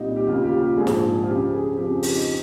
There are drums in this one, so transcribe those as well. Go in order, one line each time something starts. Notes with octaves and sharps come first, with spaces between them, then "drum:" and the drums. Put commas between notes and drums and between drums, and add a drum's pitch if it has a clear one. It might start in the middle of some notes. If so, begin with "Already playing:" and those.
Already playing: C2 A#2 G3 D#4
G4
D#2 C#3 G3 F4
G4
F4
G4
A#1 G#2 F3 G#4
drum: snare
F4
C#2 C#3 F3 G4
G#4
F2 C#3 F3 G4
G#4
G4, drum: open hi-hat
D#4